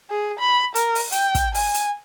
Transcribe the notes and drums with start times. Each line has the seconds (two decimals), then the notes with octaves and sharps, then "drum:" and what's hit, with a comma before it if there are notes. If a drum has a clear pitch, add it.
0.10 G#4
0.39 B5
0.75 A#4, drum: hi-hat
0.95 drum: open hi-hat
1.12 G5, drum: hi-hat
1.35 drum: kick, hi-hat
1.54 G#5, drum: open hi-hat
1.74 drum: hi-hat